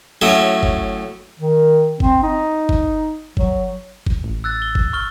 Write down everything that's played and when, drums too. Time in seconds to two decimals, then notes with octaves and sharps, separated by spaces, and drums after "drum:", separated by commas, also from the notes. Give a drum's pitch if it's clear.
0.21 A2 F#3 C#4 E5 D#6
0.63 drum: kick G1
1.40 D#3
2.00 C4, drum: kick G1
2.23 D#4
2.69 drum: kick G1
3.37 F#3, drum: kick G1
4.06 drum: kick G1
4.24 A1
4.44 E6 F#6 A6
4.62 G7
4.75 drum: kick G1
4.93 C#6 F6 G7